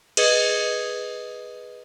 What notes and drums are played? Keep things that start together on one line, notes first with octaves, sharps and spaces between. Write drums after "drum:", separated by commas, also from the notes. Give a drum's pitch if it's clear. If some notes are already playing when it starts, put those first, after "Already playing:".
G#4 B4 D#5 D#6 G#6 C#7, drum: cymbal